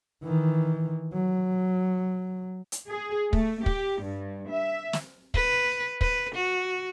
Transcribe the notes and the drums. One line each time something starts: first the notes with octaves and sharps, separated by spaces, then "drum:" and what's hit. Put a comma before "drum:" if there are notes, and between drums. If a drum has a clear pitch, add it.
D#3 E3
F#3
drum: hi-hat
G#4
A3, drum: kick
G4, drum: kick
G2
E5
drum: snare
B4, drum: kick
B4, drum: kick
F#4